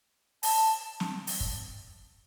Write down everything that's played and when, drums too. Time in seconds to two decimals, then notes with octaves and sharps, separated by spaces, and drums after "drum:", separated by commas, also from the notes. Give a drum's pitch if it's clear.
0.43 A5, drum: open hi-hat
1.00 drum: snare
1.27 drum: open hi-hat
1.40 drum: kick